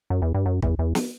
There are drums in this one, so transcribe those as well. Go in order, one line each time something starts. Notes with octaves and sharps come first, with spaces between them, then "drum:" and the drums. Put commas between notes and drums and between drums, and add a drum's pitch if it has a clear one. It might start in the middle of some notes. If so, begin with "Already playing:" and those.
F#2
E2
G2
F#2
E2, drum: kick
E2
drum: snare